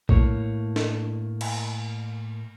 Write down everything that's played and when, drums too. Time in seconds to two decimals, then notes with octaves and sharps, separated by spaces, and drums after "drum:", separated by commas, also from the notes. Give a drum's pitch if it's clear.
0.09 A2 A3 A#3 C#5, drum: kick A#1
0.76 drum: snare
1.41 drum: cymbal